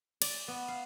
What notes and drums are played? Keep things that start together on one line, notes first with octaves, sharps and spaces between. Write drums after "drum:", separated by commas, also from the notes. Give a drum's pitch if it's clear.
D5, drum: cymbal
B3
F5